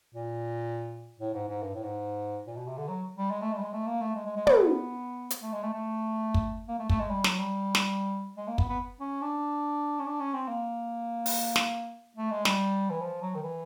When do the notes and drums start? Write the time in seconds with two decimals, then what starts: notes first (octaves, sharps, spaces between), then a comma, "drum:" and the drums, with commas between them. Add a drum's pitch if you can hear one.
0.14 A#2
1.20 A2
1.34 G#2
1.49 G#2
1.62 G2
1.75 A2
1.83 G#2
2.47 A#2
2.57 B2
2.67 C3
2.78 D3
2.89 F#3
3.17 G3
3.31 G#3
3.41 A3
3.52 G#3
3.58 G3
3.62 G#3
3.73 A3
3.87 A#3
4.01 A3
4.15 G#3
4.26 G#3
4.36 G#3
4.47 B3, drum: tom
4.57 B3
5.30 drum: hi-hat
5.42 A3
5.52 G#3
5.62 A3
5.73 A3
6.34 drum: kick
6.68 A#3
6.79 A3
6.89 A3, drum: kick
6.99 G#3
7.10 G3
7.24 F#3, drum: snare
7.39 G3
7.75 drum: snare
8.37 G#3
8.48 A#3
8.58 B3, drum: kick
8.69 B3
9.00 C#4
9.22 D4
9.99 C#4
10.06 D4
10.20 C#4
10.34 C4
10.48 A#3
11.26 drum: open hi-hat
11.56 drum: snare
12.16 A3
12.31 G#3
12.45 G3, drum: snare
12.90 E3
13.01 F3
13.22 F#3
13.35 D#3
13.43 E3